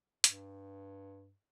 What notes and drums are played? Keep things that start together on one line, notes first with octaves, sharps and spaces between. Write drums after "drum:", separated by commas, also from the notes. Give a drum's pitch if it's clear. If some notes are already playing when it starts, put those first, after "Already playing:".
G2, drum: hi-hat